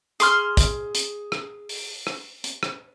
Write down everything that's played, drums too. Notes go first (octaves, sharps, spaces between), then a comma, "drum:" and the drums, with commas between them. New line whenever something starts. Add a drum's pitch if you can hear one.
G#4 C6 F6, drum: hi-hat
drum: kick, hi-hat
drum: hi-hat
drum: rim click
drum: open hi-hat
drum: rim click
drum: hi-hat
drum: rim click